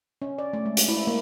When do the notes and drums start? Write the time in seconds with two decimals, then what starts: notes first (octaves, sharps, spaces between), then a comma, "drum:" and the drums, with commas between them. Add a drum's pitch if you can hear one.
0.22 C#4
0.38 D5
0.53 A3
0.66 G#3
0.77 drum: hi-hat
0.88 E4
1.07 A#3